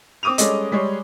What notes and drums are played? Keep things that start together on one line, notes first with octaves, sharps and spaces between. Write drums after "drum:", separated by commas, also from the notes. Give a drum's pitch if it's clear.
C4 D6 D#6 D#7 F7
G3 G#3 C#4 A4 D#5, drum: hi-hat
G3 G#3 G#4 C#5